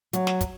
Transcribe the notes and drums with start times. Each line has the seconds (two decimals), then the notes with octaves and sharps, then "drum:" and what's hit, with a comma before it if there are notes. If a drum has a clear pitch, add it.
0.13 F#3, drum: hi-hat
0.27 drum: snare
0.41 drum: kick, hi-hat